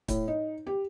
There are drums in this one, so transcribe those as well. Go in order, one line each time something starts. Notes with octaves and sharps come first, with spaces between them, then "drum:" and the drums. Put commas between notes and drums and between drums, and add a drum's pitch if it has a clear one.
A2, drum: kick, hi-hat
D#4
G4